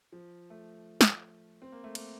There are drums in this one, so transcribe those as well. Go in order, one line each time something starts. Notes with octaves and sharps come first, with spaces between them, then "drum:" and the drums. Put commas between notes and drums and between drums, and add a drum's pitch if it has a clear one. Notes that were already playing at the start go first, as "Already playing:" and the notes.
F3
A3
drum: snare
C4
A#3
A3
A#3, drum: cymbal